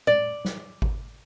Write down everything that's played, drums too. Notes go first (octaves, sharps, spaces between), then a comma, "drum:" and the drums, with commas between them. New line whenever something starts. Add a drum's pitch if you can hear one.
D5, drum: tom A#2
drum: snare
drum: kick G#1